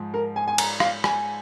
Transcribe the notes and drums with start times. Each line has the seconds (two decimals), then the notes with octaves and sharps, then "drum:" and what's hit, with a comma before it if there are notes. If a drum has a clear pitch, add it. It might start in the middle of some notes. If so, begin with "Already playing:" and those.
Already playing: G#2 F3
0.14 A#4
0.36 G#5
0.48 G#5
0.58 A#5, drum: cymbal
0.80 F5, drum: rim click
1.04 G#5, drum: rim click